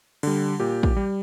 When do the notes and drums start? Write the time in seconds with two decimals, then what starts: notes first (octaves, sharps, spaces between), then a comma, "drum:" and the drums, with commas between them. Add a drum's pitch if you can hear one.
0.23 D3 G3, drum: cymbal
0.60 A#2 G4
0.83 drum: kick
0.97 G3